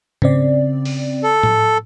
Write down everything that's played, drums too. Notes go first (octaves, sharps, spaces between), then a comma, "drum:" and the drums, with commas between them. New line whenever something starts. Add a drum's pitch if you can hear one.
C#3 C4 D5, drum: tom G#2
drum: open hi-hat
A4
drum: tom A2